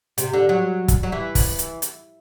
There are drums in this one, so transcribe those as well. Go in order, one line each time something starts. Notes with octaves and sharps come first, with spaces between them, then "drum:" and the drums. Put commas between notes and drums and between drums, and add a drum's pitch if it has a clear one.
C3, drum: hi-hat
D3
F#3
drum: kick, hi-hat
F#3
E3
drum: kick, open hi-hat
drum: hi-hat
drum: hi-hat